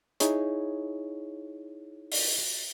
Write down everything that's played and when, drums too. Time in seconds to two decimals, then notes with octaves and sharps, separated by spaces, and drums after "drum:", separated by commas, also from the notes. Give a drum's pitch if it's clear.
0.20 D#4 E4 G#4 C#5, drum: hi-hat
2.12 drum: open hi-hat